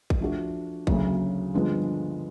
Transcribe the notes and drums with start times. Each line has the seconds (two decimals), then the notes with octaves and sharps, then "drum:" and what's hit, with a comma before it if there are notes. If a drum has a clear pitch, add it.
0.10 drum: kick
0.20 F3 A3 D4 F#4
0.87 D2 C#3 F#3 A#3, drum: kick
1.54 G2 D3 F3 G#3 B3